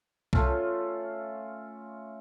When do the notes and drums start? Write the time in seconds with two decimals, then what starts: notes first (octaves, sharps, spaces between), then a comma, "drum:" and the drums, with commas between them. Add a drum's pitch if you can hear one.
0.33 A3 C#4 F4, drum: kick B1